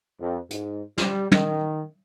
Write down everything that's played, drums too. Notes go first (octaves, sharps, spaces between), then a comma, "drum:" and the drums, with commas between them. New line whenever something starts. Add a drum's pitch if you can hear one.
F2
G#2, drum: hi-hat
G3, drum: snare
D#3, drum: tom